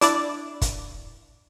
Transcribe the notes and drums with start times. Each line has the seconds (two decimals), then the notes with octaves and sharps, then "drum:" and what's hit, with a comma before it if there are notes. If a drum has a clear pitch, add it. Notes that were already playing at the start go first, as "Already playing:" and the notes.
0.01 D4 E4 D5, drum: hi-hat
0.62 drum: kick, hi-hat